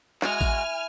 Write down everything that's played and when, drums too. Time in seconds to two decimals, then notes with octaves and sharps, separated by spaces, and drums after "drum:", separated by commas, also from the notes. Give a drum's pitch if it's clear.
0.22 G#3 E4 F#4 G#5 F6, drum: clap
0.41 drum: kick A1, tambourine